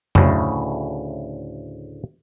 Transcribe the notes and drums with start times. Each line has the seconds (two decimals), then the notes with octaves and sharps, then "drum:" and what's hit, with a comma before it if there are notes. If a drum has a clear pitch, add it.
0.15 D2 A2 C#3, drum: tom